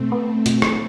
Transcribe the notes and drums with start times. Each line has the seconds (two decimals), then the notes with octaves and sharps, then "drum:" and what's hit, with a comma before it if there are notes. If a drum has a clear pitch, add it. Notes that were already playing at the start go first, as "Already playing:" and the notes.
Already playing: B2 A3 C4
0.12 B3
0.46 B2, drum: hi-hat
0.62 drum: rim click